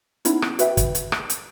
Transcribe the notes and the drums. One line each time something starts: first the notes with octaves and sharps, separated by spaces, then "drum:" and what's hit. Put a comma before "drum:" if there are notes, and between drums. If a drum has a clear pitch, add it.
B3 C#4 D#4 E4, drum: hi-hat
drum: rim click
F#4 B4 E5 G5, drum: hi-hat
drum: kick, hi-hat
drum: hi-hat
drum: rim click
drum: hi-hat